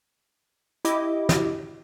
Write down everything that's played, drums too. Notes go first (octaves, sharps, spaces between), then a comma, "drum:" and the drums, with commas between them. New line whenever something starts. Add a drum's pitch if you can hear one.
E4 G4 D#5 D6, drum: hi-hat
drum: snare